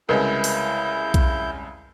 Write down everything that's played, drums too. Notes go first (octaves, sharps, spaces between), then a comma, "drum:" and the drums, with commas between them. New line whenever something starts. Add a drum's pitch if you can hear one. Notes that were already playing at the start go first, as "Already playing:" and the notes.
C2 C#3 G#3 E4 A#4 B4 D#5 G6
drum: open hi-hat
drum: kick B1, hi-hat